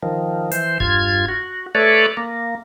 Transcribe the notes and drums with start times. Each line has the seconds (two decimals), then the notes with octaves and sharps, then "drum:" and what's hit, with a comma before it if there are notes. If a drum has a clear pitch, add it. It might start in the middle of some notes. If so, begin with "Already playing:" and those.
0.03 D#3 F3
0.52 E3 C5, drum: hi-hat
0.80 G2 F4 G#6, drum: kick E1
1.28 F#4
1.75 A3 A4 B4 C#5 D5
2.17 A#3